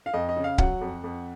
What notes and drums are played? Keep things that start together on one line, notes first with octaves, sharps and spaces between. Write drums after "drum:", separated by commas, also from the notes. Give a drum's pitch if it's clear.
F5
F2 D#5
D#5
C#3
F5
F#3 F#5, drum: kick C#1
F2
F2